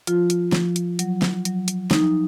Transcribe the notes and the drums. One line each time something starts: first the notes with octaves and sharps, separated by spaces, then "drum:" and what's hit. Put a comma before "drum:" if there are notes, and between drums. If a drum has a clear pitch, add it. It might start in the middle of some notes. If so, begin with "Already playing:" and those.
F3 F4, drum: hi-hat
drum: hi-hat
F3, drum: snare
drum: hi-hat
F#3, drum: hi-hat
drum: snare
F#3, drum: hi-hat
drum: hi-hat
F3 D#4, drum: snare